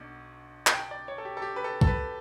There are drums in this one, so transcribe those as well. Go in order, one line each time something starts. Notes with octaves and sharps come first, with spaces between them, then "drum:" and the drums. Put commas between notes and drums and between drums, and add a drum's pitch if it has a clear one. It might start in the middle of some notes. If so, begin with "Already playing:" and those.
Already playing: B1 B2 D4
A5, drum: clap
G5
D5
C#5
A4
G4
A4
G4
B4
A4
A4, drum: kick
B4